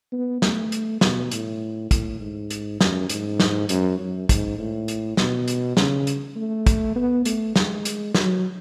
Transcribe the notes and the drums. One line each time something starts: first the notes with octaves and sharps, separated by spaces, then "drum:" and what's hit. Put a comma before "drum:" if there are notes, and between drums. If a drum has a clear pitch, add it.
B3
A3, drum: snare
drum: hi-hat
B2, drum: snare
A2, drum: hi-hat
A2, drum: kick, hi-hat
G#2
drum: hi-hat
F#2, drum: snare
G#2, drum: hi-hat
drum: snare
F#2, drum: hi-hat
F#2
G#2, drum: kick, hi-hat
A2
drum: hi-hat
B2, drum: snare
drum: hi-hat
C#3, drum: snare
drum: hi-hat
A3
drum: kick, hi-hat
B3
A3, drum: hi-hat
G#3, drum: snare
drum: hi-hat
F#3, drum: snare